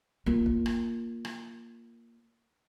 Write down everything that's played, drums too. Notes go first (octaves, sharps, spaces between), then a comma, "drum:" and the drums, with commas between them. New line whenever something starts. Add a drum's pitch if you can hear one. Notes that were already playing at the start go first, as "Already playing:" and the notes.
A#3 F4, drum: kick
drum: kick
drum: rim click
drum: rim click